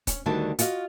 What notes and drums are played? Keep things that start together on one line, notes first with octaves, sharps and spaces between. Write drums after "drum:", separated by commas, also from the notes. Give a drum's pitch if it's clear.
C#4, drum: kick, hi-hat
D2 D3 D#3 G3 F#4 A5
F4 F#4 D#5 F5, drum: hi-hat